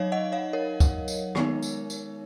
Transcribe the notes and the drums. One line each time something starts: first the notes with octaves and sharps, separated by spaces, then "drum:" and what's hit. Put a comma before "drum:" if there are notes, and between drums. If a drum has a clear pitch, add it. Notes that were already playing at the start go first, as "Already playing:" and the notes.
Already playing: F#3 D#4 C#5 D#5 F5
D#5 F#5
C#5 F5
A#4 C#5
drum: kick, tambourine
drum: tambourine
D#3 G#3 B3 D#4, drum: rim click
drum: tambourine
drum: tambourine